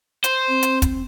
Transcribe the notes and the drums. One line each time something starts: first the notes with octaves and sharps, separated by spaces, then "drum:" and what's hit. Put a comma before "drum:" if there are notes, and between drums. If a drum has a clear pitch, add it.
C5, drum: hi-hat
C4
drum: hi-hat
drum: kick, hi-hat